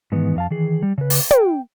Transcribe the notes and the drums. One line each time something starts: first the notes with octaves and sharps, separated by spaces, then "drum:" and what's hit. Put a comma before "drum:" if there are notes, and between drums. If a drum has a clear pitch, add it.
G#2 D#3 E3 B3
F2 F5 A5
D#3 E3 G#4
G3
C#3 B4
drum: open hi-hat
G5, drum: tom